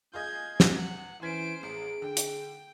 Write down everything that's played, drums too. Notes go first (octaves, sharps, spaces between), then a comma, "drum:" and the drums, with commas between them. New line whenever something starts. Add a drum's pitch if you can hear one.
F4 G#4 D#5 G6 G#6
drum: snare
E2 F#5 G#6
E3 C#4 C5 G#6 B6 D7
A1 G#4 D7
D3 G5
drum: hi-hat